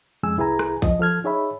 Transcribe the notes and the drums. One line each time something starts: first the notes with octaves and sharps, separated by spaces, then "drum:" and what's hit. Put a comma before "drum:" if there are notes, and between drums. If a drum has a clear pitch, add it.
F2 C#3 G#3 G#5 E6
C2 E4 G#4 B4 G#5 A#5
drum: rim click
F3 D#5, drum: kick
F3 A4 F6 G#6
D#4 G#4 C#5 E5 B5